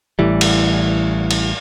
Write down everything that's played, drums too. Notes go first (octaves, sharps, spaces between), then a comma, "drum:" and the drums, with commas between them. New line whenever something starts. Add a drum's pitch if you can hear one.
A1 A2 E3 G3
drum: cymbal
drum: cymbal